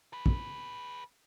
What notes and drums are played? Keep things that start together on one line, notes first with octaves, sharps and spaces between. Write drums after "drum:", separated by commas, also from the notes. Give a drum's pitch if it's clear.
G#4 B4
drum: kick